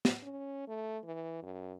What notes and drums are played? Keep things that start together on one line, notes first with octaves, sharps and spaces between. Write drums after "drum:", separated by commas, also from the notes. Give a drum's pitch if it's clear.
drum: snare
C#4
A3
E3
F#2